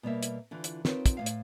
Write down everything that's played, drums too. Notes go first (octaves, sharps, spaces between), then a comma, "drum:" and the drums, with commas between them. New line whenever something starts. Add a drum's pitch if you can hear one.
B2 G3 A#3 E5
drum: hi-hat
D3 E3 F4
drum: hi-hat
C4 D#4 F4 A#4 B4 C#5, drum: snare
drum: kick, hi-hat
A2 G#3 F5
drum: hi-hat